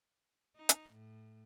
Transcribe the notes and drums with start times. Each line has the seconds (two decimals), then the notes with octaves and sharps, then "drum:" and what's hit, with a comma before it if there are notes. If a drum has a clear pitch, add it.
0.57 D#4
0.69 drum: hi-hat
0.93 A2